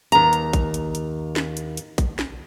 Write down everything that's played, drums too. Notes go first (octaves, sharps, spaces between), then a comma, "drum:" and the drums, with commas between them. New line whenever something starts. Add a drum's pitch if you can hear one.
D#2 A#5, drum: hi-hat
drum: hi-hat
drum: kick, hi-hat
drum: hi-hat
drum: hi-hat
drum: snare
drum: hi-hat
drum: hi-hat
drum: kick, hi-hat
drum: snare